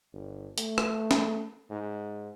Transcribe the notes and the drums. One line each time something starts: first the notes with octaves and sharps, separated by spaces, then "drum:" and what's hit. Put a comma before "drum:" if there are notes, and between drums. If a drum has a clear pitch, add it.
G1
A3, drum: hi-hat
drum: rim click
drum: snare
G#2